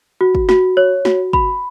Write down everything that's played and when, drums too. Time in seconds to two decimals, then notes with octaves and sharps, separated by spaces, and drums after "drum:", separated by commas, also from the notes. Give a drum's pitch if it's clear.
0.21 F#4
0.35 drum: kick
0.49 F#4, drum: snare
0.77 C#5
1.05 F#4, drum: snare
1.33 B5, drum: kick